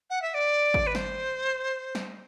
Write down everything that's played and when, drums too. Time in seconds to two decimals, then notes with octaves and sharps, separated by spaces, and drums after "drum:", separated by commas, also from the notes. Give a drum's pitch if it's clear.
0.10 F#5
0.21 E5
0.34 D5
0.74 drum: kick G#1
0.86 B4
0.95 C5, drum: snare
1.95 drum: snare